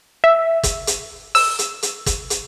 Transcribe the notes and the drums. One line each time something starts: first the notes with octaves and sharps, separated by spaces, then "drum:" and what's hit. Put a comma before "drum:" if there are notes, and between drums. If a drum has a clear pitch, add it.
E5
drum: kick G1, hi-hat
drum: hi-hat
E6, drum: open hi-hat
drum: hi-hat
drum: hi-hat
drum: kick G1, hi-hat
drum: hi-hat